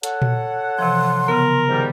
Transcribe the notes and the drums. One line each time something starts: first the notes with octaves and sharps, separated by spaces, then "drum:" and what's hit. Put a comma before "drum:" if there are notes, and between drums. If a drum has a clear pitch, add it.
A4 C#5 F#5, drum: hi-hat
drum: tom A#2
C3 E3 F3 C6
C#3 B3 A#4
G#2 D#3 G3